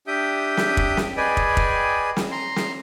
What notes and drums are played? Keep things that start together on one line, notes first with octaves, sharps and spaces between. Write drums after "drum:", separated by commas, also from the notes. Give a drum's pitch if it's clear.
D4 G4 E5 G5 D#6 G6
drum: snare
drum: kick
drum: snare
G#4 B4 D5 D#5 G5 G#5
drum: kick
drum: kick
drum: snare
A#5 C6
drum: snare